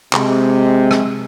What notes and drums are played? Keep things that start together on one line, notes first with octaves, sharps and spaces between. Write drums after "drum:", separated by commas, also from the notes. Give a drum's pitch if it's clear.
C3 G#3, drum: clap
drum: rim click